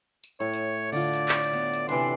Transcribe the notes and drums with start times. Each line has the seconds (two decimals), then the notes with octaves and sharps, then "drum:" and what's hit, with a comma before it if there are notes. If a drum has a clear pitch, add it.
0.24 drum: tambourine
0.40 A2 C#5
0.54 drum: tambourine
0.92 D3 F4 D5
1.14 drum: tambourine
1.29 drum: clap
1.44 drum: tambourine
1.53 B3
1.74 drum: tambourine
1.89 C3 E3 D4 D5 C6